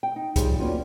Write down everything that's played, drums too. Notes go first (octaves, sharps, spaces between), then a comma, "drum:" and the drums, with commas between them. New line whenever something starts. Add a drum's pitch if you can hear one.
G5
D#4
A2 F3 G3 D#4 G4 G#4, drum: kick C2, hi-hat
G3 A#3 B3 C#4 F4 F#4